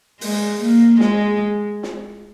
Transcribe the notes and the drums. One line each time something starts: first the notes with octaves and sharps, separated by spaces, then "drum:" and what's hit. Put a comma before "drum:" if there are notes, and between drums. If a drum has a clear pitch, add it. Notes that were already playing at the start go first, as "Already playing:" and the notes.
G#3, drum: open hi-hat
A#3
G#3, drum: snare
drum: snare